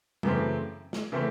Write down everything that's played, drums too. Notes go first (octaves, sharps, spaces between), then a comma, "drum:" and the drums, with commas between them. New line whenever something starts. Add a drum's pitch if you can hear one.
F#2 C#3 E3 A3 C4, drum: tom
drum: snare
C#3 E3 A3 C4